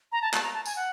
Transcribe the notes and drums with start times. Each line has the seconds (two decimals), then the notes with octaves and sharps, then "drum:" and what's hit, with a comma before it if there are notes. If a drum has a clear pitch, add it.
0.12 A#5
0.22 A5
0.34 A5, drum: clap
0.43 A#5
0.54 A5
0.65 G#5, drum: tambourine
0.76 F#5